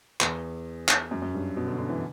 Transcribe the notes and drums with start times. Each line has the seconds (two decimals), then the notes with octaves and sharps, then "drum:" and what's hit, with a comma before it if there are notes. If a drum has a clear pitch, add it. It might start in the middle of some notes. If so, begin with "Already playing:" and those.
0.20 E2, drum: clap
0.88 drum: clap
1.11 F#2
1.22 F#2
1.34 G2
1.56 B2
1.67 D3
1.79 D3
1.89 E3